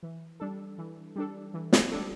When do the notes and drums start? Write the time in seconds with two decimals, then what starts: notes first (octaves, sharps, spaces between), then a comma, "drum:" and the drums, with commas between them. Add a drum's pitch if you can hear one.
0.03 E3
0.40 G3 D4 A4
0.78 E3
1.16 G3 D4 A4
1.54 E3
1.73 drum: snare
1.92 G3 D4 A4